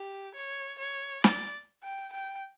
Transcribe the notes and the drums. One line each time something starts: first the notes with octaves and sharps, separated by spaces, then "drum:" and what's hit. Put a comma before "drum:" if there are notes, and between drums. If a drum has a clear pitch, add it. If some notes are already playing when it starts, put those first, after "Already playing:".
Already playing: G4
C#5
C#5
D5, drum: snare
G5
G5